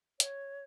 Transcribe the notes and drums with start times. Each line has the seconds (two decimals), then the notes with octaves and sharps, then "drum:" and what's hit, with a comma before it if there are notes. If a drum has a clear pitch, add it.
0.20 C#5, drum: hi-hat